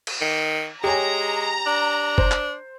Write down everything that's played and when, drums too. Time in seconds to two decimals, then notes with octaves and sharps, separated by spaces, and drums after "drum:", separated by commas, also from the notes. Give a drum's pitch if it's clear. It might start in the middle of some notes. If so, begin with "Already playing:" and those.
0.07 drum: cymbal
0.21 D#3
0.84 G#3 G4 C#5 G#5 A#5
1.66 D4
2.18 C5, drum: kick
2.31 drum: clap